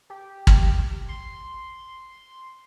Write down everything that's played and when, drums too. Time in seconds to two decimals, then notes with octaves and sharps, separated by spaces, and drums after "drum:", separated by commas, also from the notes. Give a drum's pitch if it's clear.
0.10 G4
0.47 drum: kick
1.09 C6